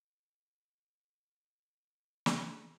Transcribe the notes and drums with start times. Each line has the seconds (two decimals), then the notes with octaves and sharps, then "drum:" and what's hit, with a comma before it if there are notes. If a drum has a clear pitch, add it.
0.24 D4 G4 G#5 A#5
2.26 drum: snare